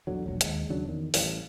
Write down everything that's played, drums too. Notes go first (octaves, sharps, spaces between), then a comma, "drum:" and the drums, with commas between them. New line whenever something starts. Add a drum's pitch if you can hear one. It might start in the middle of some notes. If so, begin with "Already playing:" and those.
A#1 E2 D3 F#3
E1 A#1 F#3
D#2 G#3, drum: hi-hat
D#2 C#3 F#3 D4
E2 D#3
A1 E3 G3, drum: open hi-hat